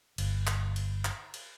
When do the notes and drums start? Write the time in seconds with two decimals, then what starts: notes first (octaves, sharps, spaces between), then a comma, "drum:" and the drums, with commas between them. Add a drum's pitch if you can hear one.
0.18 G1, drum: cymbal
0.47 drum: clap
0.76 drum: cymbal
1.05 drum: clap
1.34 drum: cymbal